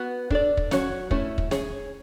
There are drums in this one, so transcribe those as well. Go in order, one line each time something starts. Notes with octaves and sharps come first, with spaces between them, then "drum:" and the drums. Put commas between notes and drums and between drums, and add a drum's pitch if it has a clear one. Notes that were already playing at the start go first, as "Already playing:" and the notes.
Already playing: B3 F#4 B4
D4 A4 D5, drum: kick
drum: kick
F#3 C#4 F#4 C#5, drum: snare
A3 C#4 E4, drum: kick
drum: kick
C#4 G#4 C#5, drum: snare